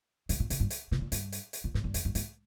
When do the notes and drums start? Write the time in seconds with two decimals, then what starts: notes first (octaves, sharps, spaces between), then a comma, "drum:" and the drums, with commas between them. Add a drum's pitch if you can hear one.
0.29 G#2, drum: hi-hat
0.40 A#2
0.50 C3, drum: hi-hat
0.60 G2
0.70 drum: hi-hat
0.91 C3, drum: snare
1.01 A#2
1.12 G2, drum: hi-hat
1.32 drum: hi-hat
1.53 drum: hi-hat
1.64 A#2
1.74 G#2, drum: snare
1.84 G2
1.94 F2, drum: hi-hat
2.05 G2
2.15 G#2, drum: hi-hat